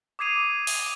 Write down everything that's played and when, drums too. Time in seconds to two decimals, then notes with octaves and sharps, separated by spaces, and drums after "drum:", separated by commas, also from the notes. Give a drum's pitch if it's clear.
0.19 D6 D#6 G#6 C7 D#7 F7
0.67 drum: open hi-hat